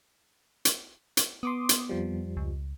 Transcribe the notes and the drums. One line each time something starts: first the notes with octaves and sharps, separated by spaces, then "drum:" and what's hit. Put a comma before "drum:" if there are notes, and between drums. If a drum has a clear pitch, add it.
drum: hi-hat
drum: hi-hat
B3 C6 D6 D#6
drum: hi-hat
F2 F3 G3
C#2